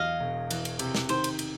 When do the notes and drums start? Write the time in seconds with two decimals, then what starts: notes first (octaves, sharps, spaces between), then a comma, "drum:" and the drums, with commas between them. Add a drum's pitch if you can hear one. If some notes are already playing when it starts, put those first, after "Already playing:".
Already playing: E2 F#3 D#5 F5
0.20 E1
0.51 E3, drum: cymbal
0.65 drum: cymbal
0.79 C3, drum: cymbal
0.95 drum: snare
1.09 D#3 C5, drum: cymbal
1.24 drum: cymbal
1.39 drum: cymbal